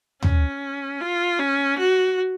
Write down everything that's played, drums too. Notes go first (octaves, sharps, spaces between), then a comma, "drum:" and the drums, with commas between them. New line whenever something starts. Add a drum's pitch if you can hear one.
C#4, drum: tom
F4
C#4
F#4